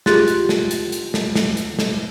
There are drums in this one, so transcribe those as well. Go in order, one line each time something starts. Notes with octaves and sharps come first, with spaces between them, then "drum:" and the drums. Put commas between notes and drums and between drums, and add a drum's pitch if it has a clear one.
F4 G4 G#4 C6 F#6 A6, drum: snare
drum: hi-hat
drum: snare
drum: hi-hat
drum: hi-hat
drum: snare
drum: snare
drum: hi-hat
drum: snare